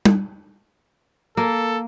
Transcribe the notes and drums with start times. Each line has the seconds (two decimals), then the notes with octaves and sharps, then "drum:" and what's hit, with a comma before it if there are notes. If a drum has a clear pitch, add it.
0.05 drum: tom
1.37 A#3 A4